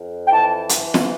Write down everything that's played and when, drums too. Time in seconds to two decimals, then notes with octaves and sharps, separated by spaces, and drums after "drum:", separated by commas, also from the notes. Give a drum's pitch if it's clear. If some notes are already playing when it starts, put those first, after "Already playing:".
Already playing: F2
0.26 G5
0.31 E3 A5
0.69 E3, drum: hi-hat
0.94 drum: snare